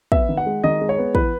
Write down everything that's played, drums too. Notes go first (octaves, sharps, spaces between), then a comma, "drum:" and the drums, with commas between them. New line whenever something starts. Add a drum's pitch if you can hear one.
B3 E5, drum: kick
D#3
F#5
G#3
D#3 D#5
G#3
C#5
B3
E3 B4, drum: kick